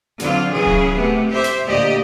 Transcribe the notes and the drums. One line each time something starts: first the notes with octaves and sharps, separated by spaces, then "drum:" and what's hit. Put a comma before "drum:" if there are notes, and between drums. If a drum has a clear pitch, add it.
D3 F#3 C4 F4, drum: snare
C#3 E3 F#3 G#4
drum: kick D1
C3 A3 B3
G4 C5 E5
drum: snare
D2 A#2 G4 D5 D#5